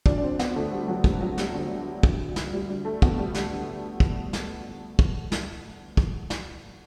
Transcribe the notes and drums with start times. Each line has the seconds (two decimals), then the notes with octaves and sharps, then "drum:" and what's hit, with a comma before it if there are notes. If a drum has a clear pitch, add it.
0.06 D2 D3 D4, drum: kick
0.18 D4
0.23 C4
0.39 B3, drum: snare
0.55 D2 D3 A3
0.72 G3
0.88 F#3
1.04 D2 D3 G3, drum: kick
1.21 F#3
1.38 G3, drum: snare
1.54 D2 D3 G3
2.03 D2 D3, drum: kick
2.36 drum: snare
2.53 D2 D3 G3
2.69 G3
2.85 A3
3.02 D2 D3 B3, drum: kick
3.18 G3
3.35 G3, drum: snare
3.51 D3
4.00 drum: kick
4.33 drum: snare
4.99 drum: kick
5.32 drum: snare
5.97 drum: kick
6.30 drum: snare